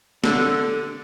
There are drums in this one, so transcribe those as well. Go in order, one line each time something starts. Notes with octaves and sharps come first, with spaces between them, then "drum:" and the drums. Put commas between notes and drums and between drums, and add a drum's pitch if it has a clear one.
D3, drum: snare